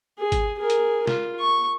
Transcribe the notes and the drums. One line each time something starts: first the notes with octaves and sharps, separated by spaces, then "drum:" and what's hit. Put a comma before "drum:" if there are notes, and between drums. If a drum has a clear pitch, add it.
G#4
drum: kick, hi-hat
G#4 A#4
drum: hi-hat
F4, drum: snare
C#6